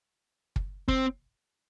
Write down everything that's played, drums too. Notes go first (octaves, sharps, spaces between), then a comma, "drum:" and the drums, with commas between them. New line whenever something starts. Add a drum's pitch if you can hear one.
drum: kick
C4, drum: kick